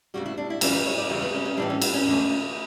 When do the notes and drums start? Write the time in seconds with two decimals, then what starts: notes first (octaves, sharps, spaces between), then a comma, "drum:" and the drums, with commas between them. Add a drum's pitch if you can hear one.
0.14 D2 C#3 G3 F#4
0.26 E4
0.38 D4
0.50 E4
0.61 F#2 C#3 E3 G3 C#4, drum: cymbal
0.73 B4
0.86 C#5
0.98 D5
1.10 E2 C#3 G3
1.22 B4
1.34 C#4
1.45 C#4
1.57 A2 E3 G3 D4
1.70 C#4
1.82 B3, drum: cymbal
1.94 C#4
2.05 E2 D3 A3